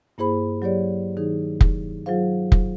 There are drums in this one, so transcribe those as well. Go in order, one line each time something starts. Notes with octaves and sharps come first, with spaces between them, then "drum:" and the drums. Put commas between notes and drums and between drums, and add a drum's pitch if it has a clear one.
G2 A#3 E4 G#4 C5 B5
F#3 G4 C#5 D5
D#3 D#4 G#4
drum: kick F1
F#3 F4 G#4 C5 F5
drum: kick F1